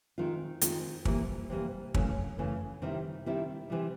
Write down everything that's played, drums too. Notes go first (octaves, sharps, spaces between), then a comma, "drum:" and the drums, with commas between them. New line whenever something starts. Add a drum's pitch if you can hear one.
D#3 G#3 C4 F4
D#3 G#3 C4 F4, drum: hi-hat
C3 E3 G3 A#3, drum: kick
C3 E3 G3 A#3
F#2 C#3 E3 A3 C#4, drum: kick
F#2 C#3 E3 A3 C#4
C3 D#3 G3 C4 E4
C3 D#3 G3 C4 E4
C3 E3 G3